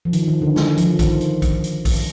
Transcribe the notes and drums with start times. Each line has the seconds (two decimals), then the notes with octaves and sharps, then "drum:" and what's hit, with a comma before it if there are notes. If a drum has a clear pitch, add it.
0.05 F3
0.13 D#3, drum: hi-hat
0.28 D#3
0.42 D3
0.56 drum: snare
0.77 F3, drum: hi-hat
0.99 D#3, drum: kick A#1, hi-hat
1.21 drum: hi-hat
1.42 drum: kick A#1, hi-hat
1.64 drum: hi-hat
1.85 drum: kick A#1, open hi-hat